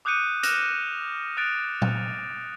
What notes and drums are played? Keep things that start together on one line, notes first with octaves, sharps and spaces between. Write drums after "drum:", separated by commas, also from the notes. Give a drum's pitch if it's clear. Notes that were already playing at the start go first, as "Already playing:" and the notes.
D6 D#6 F#6 G6 C#7 D#7
F6 F#6 A#6 E7 F7, drum: hi-hat
D#6 F#6 A6 D7 F7
drum: tom A#2